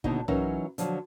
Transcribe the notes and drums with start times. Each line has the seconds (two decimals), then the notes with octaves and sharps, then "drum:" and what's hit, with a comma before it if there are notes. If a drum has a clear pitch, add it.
0.04 D#2 B2 D3 D#4 E4 D#5, drum: kick
0.28 E3 F#3 C#4 D#4 F#4 A#4, drum: tom
0.78 D3 F3 F#3, drum: hi-hat